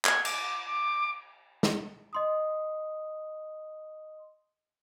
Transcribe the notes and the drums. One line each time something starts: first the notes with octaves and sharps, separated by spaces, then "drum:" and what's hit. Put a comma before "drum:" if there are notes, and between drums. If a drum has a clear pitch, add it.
G#6, drum: clap
D6, drum: cymbal
D6
drum: snare
D#5 C6 D#6